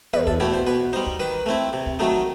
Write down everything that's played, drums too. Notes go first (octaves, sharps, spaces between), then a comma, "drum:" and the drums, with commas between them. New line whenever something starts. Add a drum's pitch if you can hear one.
E2 B4, drum: tom
A4, drum: kick
B2 A3 E4 G4
C5
B2 B4
G3 D#4 C5
drum: kick
D#3 B4
A3 C4 E4
C3
drum: kick
D#3 F#3 A3 D#4